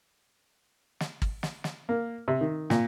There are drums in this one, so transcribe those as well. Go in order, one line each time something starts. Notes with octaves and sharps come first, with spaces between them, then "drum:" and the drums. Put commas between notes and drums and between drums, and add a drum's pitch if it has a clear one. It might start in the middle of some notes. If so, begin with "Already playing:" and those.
drum: snare
drum: kick G#1
drum: snare
drum: snare
A#3
C3
D#3
A#2, drum: snare